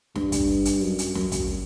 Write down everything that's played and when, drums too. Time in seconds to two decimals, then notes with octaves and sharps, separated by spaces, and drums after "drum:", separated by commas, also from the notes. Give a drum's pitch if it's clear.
0.15 G2, drum: snare
0.32 drum: kick, hi-hat
0.65 drum: hi-hat
0.81 F#2
0.99 drum: hi-hat
1.15 F#2, drum: snare
1.32 drum: kick, hi-hat